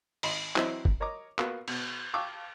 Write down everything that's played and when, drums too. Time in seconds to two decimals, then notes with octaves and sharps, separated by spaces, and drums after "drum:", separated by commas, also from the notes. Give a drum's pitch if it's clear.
0.23 G#1 D#5 B5 C6, drum: open hi-hat
0.56 E3 F#3 C4 E4 C5 D#5, drum: clap
0.85 drum: kick
1.00 A#4 C#5 D#5 A#5 D6
1.38 A#3 B3 F4 F#4, drum: clap
1.68 B2, drum: cymbal
2.14 F5 G5 A5 C#6 D6 E6